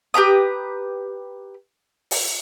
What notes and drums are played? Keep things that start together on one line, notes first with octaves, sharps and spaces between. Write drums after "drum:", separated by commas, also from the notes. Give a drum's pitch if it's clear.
G4 B4 A#5 D#6
drum: open hi-hat